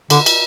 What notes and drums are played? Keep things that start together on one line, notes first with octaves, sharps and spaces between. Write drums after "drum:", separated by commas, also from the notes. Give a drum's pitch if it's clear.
D3, drum: cymbal
drum: cymbal